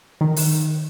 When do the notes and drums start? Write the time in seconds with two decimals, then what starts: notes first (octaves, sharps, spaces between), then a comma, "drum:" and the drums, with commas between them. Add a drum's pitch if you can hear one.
0.21 D#3
0.36 drum: open hi-hat